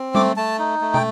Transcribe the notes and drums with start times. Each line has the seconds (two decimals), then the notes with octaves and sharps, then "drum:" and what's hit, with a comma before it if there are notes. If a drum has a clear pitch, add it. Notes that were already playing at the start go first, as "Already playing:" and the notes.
Already playing: C4
0.15 A3 D6, drum: tom G3
0.37 A3 A5
0.59 D#4
0.81 A3
0.94 G5, drum: tom